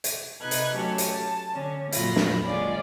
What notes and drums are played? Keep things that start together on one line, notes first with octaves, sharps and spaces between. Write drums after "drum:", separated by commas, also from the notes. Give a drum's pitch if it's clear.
drum: hi-hat
C3 D#4 B4 F#6 G#6
drum: hi-hat
F#3 A3 C#4 G4 A4
drum: hi-hat
A5
D3 C#4
F2 A#2 F#3 F4 B5 A#6, drum: hi-hat
drum: snare
D#3 G#3 C#4 F4 G#4 D5